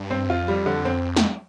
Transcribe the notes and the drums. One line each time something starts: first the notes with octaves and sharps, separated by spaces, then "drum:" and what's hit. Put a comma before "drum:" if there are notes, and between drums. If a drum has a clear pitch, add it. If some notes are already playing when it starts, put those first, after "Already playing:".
Already playing: G2
C4
F2 F4
G3
D3
C4
drum: snare